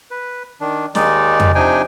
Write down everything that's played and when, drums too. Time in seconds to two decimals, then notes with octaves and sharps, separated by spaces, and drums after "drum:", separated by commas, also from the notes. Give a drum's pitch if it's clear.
0.11 B4
0.61 D#3 D4
0.95 D#2 D#3 G#3 D#4 D5, drum: snare
1.40 drum: tom F2
1.55 C3 F3 D4 D#4 G5 G#5